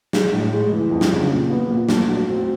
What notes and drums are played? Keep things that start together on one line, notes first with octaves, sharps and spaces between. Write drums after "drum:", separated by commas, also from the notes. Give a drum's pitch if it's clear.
G#3, drum: snare
A2
G#3
E3
F2
drum: snare
C#3
A#2
B3
A#2
A3, drum: snare
F#3
C4